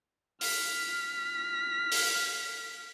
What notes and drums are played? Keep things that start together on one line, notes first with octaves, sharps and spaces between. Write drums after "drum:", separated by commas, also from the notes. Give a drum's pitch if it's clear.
F6 B6, drum: open hi-hat
drum: open hi-hat